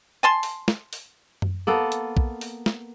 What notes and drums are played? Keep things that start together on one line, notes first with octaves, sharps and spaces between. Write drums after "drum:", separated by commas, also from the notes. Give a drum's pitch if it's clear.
G#5 A5 C6
drum: open hi-hat
drum: snare
drum: open hi-hat
drum: tom F#2
A#3 B3 A4
drum: hi-hat
drum: kick B1
drum: open hi-hat
drum: snare